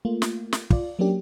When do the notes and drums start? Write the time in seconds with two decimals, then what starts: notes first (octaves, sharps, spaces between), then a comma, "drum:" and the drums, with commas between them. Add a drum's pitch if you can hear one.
0.05 A3 A#3 F4
0.22 drum: snare
0.53 drum: snare
0.70 F4 D5, drum: kick
0.99 F#3 A#3 C#4 D4 G4